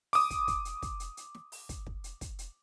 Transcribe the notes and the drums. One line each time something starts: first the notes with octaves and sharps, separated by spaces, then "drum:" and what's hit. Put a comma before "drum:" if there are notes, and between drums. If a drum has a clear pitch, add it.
D6 D#6, drum: open hi-hat
drum: kick, hi-hat
drum: kick, hi-hat
drum: hi-hat
drum: kick, hi-hat
drum: hi-hat
drum: hi-hat
drum: snare
drum: open hi-hat
drum: kick, hi-hat
drum: kick
drum: hi-hat
drum: kick, hi-hat
drum: hi-hat